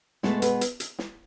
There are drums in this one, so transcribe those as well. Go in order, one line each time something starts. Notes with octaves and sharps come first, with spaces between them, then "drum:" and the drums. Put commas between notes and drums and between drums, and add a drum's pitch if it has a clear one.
B2 G#3 A3 B3 A4, drum: snare
B3 B4, drum: hi-hat
drum: hi-hat
drum: hi-hat
drum: snare